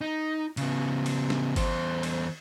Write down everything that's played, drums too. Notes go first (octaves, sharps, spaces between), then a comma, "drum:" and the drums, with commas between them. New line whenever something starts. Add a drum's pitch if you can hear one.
D#4
C#3 B3, drum: cymbal
drum: cymbal
drum: snare
E2 C5, drum: kick G1, cymbal
drum: cymbal